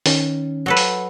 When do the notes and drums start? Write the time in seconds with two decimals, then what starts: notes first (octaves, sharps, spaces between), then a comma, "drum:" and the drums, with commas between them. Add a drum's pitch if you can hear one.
0.06 D#3 C#4, drum: open hi-hat
0.66 F#3 A4 B4
0.77 drum: open hi-hat